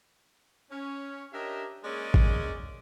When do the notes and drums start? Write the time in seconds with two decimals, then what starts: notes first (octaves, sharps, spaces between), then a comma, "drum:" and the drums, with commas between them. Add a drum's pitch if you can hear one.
0.70 C#4
1.33 D4 G4 A#4 C#5 D#5 E5
1.84 G#3 A#3 C#4 G#4 D5 D#5
2.14 drum: kick A1